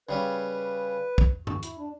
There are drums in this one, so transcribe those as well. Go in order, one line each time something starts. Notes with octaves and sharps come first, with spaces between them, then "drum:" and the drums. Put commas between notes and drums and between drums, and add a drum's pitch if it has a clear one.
C#3 G3 C#4 B4
drum: kick
F#4, drum: tom G2
E4, drum: hi-hat
D4